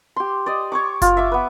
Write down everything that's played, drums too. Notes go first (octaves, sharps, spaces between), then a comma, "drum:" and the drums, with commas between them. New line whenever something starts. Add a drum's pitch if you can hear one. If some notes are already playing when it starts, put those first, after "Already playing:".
G4 C6
D5 D#5
C#5 C#6 D6
F4, drum: kick F#1, hi-hat
E5 D6
B3 B4